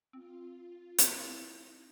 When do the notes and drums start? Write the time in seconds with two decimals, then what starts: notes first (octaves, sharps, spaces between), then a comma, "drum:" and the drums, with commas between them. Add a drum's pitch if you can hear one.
0.13 C4 F4
0.98 C4 E4, drum: hi-hat
1.41 D#4